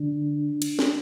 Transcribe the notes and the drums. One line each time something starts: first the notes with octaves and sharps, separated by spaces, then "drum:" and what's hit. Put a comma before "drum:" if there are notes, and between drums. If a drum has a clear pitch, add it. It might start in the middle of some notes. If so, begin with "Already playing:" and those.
Already playing: D3 D4
drum: cymbal
drum: snare